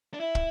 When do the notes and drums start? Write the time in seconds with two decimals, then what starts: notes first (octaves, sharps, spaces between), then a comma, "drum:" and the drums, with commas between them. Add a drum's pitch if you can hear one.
0.14 D4
0.20 E4 E5
0.35 drum: kick